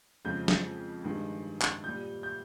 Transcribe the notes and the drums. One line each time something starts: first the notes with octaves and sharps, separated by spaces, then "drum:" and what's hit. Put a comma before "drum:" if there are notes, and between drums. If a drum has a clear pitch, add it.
F2 C#3 F3 G#3 G6
drum: snare
G2 D#3 G#3
drum: clap
A#2 G3 G6
G6